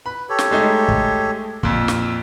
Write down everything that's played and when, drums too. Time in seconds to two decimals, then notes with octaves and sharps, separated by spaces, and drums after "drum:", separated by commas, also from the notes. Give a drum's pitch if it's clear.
0.06 B4 B5
0.29 G4 A4 C#5
0.39 drum: snare
0.51 G#3 A3 D#4
0.88 drum: kick
1.63 F2 A#2 E6, drum: kick
1.88 drum: snare